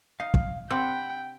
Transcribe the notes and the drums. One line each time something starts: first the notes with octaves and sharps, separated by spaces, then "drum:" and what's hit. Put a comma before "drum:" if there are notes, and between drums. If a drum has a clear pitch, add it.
D#4 F5
drum: kick
C3 C4 D4 F#5 G5 B5 E6